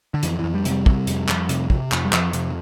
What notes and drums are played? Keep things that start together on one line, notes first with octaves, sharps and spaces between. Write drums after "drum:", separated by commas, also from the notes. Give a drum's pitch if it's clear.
D3
F2 E3, drum: hi-hat
F2 E3
G3
C3, drum: hi-hat
G3
C3, drum: kick
F2, drum: hi-hat
F2, drum: clap
C3, drum: hi-hat
C3, drum: kick
F2, drum: clap
G3
F2 F3, drum: clap
C3 F3, drum: hi-hat